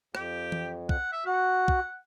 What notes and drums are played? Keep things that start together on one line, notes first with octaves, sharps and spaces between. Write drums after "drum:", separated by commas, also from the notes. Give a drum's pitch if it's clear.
F2 G4, drum: rim click
drum: tom E3
F#5, drum: kick
E5
F#4 F#5
drum: kick